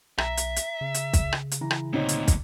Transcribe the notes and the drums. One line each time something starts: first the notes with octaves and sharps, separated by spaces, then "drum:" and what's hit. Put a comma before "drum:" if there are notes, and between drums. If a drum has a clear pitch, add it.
B1 E5 A#5 A#6 B6, drum: rim click
drum: hi-hat
drum: hi-hat
C#3
drum: hi-hat
drum: kick, hi-hat
drum: rim click
drum: hi-hat
E3 A#5
drum: rim click
D2 A#2 C4 D#4 C#5
drum: hi-hat
drum: kick, hi-hat